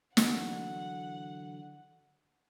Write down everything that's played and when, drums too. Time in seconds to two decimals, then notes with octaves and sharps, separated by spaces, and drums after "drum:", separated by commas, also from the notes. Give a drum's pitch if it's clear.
0.17 D3 E3 F#3 F#5, drum: snare